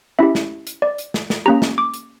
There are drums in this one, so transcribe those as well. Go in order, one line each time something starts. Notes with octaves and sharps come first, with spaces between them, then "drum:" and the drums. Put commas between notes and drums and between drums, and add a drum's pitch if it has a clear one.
C#4 E4 G4 E5
drum: snare
drum: hi-hat
D5
drum: hi-hat
drum: snare
drum: snare
A#3 C#4 G4 A#5
drum: snare
D6
drum: hi-hat